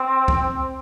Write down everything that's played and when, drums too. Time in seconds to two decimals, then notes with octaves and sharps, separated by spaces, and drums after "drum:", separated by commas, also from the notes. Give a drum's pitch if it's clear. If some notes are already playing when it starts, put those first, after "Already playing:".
Already playing: C4
0.28 drum: kick